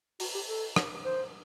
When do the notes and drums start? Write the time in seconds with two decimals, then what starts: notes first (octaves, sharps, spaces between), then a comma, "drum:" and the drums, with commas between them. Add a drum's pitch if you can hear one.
0.20 F#4, drum: open hi-hat
0.34 G4
0.49 A4
0.76 drum: rim click
1.05 C5